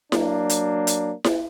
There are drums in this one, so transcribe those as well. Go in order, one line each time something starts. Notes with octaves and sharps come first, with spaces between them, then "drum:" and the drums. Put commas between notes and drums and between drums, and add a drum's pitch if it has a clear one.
F#3 A#3 D4, drum: snare E4
drum: hi-hat
drum: hi-hat
drum: snare E4